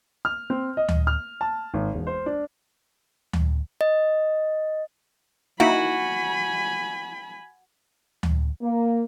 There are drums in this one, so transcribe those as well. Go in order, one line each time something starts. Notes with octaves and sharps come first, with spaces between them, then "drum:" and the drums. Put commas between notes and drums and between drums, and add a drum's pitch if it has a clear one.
F6
C4
D#5
drum: tom D2
F6
A5
G#1
E1
C5
D4
drum: tom D2
D#5
A#3 D#4 E4 F#4 G#5 B5
drum: tom D2
A#3